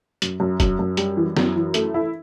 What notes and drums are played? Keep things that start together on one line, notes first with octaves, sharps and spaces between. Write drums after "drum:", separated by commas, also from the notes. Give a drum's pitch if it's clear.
F#2, drum: hi-hat
F#2
F#2, drum: kick, hi-hat
F#2
G3, drum: hi-hat
E3
F#2, drum: snare
E3
A3, drum: hi-hat
E4